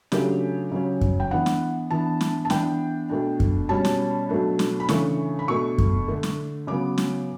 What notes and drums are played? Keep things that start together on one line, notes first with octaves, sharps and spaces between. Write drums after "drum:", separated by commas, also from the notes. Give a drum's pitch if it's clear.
C#3 F#3 A3 D4 G4, drum: snare
C#3 F#3 C#4
drum: kick F#2
G5
E3 B3 D4 F#5
drum: snare
E3 B3 D4 A5
drum: snare
A5
E3 B3 D4 G5, drum: snare
B2 A3 D4
drum: kick F#2
B2 G3 C#4 A5
drum: snare
B2 F#3 A3 D4
drum: snare
B5
C#3 E3 A3 D4 C#6, drum: snare
B5
B2 A3 D4 C#6
drum: kick F#2
D3 A3 D4
drum: snare
C#3 F#3 B3 D6
drum: snare